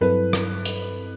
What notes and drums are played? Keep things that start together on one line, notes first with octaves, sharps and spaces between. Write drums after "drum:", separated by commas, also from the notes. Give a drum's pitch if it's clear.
G2 F#3 C4 E4 A4 B4
drum: rim click
drum: hi-hat